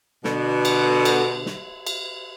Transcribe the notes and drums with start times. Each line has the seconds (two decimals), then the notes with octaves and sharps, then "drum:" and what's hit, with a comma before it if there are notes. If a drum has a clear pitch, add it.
0.24 B2 D3, drum: snare
0.65 drum: cymbal
1.05 drum: cymbal
1.46 drum: snare
1.87 drum: cymbal